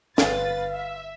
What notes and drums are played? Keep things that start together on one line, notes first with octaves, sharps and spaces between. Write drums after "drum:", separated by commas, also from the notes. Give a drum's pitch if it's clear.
G1 B4 F5 A6, drum: snare
E5